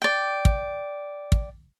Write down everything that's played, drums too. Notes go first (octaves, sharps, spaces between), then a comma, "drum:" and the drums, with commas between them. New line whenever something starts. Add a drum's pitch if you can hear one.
D5 G5
drum: kick
drum: kick